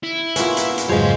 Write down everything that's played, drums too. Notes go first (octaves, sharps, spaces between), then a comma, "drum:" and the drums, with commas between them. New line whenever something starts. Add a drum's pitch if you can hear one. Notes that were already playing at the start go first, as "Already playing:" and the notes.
E4
A#3 B3 C#4 F4 B4, drum: hi-hat
drum: hi-hat
drum: hi-hat
F2 G#2 C#3 F#3 G#3 C5 C#5 F5